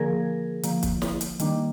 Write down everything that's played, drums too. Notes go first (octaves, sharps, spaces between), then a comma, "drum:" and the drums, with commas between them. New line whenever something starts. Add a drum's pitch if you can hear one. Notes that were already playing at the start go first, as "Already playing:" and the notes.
Already playing: D3 F3 A#3 G#4 A#4
D3 F3 A#3, drum: hi-hat
drum: kick, hi-hat
drum: snare
drum: hi-hat
D#3 G3 A#3 D4, drum: hi-hat